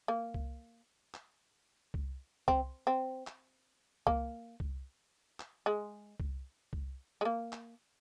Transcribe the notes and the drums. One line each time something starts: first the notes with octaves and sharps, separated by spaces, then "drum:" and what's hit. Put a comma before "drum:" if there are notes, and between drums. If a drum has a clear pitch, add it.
A#3
drum: kick C2
drum: clap
drum: kick C2
C4, drum: kick C2
C4
drum: clap
A#3, drum: kick C2
drum: kick C2
drum: clap
G#3
drum: kick C2
drum: kick C2
G#3
A#3
drum: clap